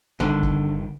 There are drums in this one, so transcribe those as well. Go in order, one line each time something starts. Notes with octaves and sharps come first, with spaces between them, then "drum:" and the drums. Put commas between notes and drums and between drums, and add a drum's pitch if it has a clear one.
G1 D3 D#3
drum: kick